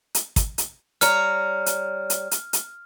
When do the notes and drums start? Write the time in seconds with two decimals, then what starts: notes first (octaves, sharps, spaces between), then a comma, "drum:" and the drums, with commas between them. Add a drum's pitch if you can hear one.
0.15 drum: hi-hat
0.36 drum: kick, hi-hat
0.58 drum: hi-hat
1.01 G3 C#5 A#5 F6, drum: hi-hat
1.66 drum: hi-hat
2.10 drum: hi-hat
2.31 drum: hi-hat
2.53 drum: hi-hat